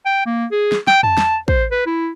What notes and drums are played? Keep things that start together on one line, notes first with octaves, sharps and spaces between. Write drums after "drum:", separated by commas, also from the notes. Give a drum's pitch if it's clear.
G5
A#3
G#4
drum: snare
G5, drum: snare
A5, drum: tom
drum: snare
C5, drum: kick
B4
E4